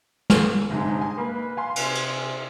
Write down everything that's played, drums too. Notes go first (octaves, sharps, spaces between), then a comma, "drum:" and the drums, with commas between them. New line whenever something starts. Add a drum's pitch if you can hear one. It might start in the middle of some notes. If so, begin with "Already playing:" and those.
drum: snare
G1 G#2 C3 G#3
G#5
A#3 B4
F5 G#5 C6
C3, drum: cymbal
drum: cymbal